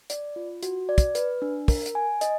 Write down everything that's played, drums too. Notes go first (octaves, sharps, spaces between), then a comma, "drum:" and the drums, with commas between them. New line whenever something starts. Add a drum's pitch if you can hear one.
D5, drum: hi-hat
F4
F#4, drum: hi-hat
D5
drum: kick, hi-hat
B4, drum: hi-hat
D4
A#4, drum: kick, open hi-hat
drum: hi-hat
G#5
D#5, drum: hi-hat